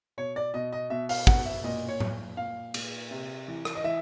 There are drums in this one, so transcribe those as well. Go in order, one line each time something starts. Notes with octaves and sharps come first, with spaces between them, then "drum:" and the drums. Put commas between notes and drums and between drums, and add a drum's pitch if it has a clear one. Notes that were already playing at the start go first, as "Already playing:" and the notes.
B2 C#5
D5
B2 D#5
D#5
B2 E5
F5, drum: open hi-hat
B2 F#5, drum: kick
E5
A#2 D#5
C#5
A#2, drum: tom A2
A#2 F5
A#2, drum: cymbal
C3
E3
drum: rim click
D#5
E3 E5